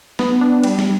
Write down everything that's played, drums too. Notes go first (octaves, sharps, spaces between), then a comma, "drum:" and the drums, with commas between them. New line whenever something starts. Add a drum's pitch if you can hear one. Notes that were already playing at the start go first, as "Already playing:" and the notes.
B3, drum: snare
D4
G3, drum: cymbal
drum: snare